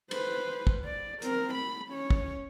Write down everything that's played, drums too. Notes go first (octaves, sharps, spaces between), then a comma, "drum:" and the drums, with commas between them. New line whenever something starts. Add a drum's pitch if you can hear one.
B4 C5, drum: cymbal
drum: kick
D5
C4 A#4, drum: hi-hat
B5
C#4 C#5
drum: kick